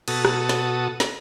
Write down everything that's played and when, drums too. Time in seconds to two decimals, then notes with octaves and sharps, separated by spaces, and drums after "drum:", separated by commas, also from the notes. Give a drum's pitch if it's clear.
0.08 B2 F#4 A4 D#6, drum: cymbal
0.25 drum: rim click
0.49 drum: snare
1.00 drum: snare